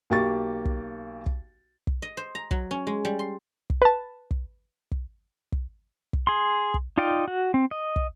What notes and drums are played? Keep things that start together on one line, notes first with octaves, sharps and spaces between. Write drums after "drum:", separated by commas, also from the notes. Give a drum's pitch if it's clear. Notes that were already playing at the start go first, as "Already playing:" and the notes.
B1 A#3 G4 C#6 A6
drum: kick
drum: kick
drum: kick
D#5
C5
A#5
F#3, drum: kick
C#4
G#3
G3
C6
drum: kick
B4 A5
drum: kick
drum: kick
drum: kick
drum: kick
G#4 C6
drum: kick
D#4 F4 D5 D#5 G5
F#4
C4
D#5
drum: kick